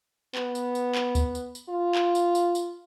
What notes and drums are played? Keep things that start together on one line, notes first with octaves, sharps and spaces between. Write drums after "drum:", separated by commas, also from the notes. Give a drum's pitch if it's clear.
B3, drum: clap
drum: tambourine
drum: tambourine
drum: clap
drum: kick D2, tambourine
drum: tambourine
drum: tambourine
F4
drum: clap
drum: tambourine
drum: tambourine
drum: tambourine